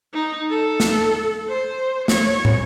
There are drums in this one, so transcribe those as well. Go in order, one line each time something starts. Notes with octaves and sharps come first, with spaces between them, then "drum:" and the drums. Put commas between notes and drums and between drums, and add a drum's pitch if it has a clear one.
D#4
A4
drum: snare
C5
C#5, drum: snare
drum: tom